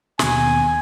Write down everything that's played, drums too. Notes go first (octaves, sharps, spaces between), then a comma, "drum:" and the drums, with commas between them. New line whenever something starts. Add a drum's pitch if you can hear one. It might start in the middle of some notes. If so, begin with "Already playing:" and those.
D#2 B2 G#5, drum: snare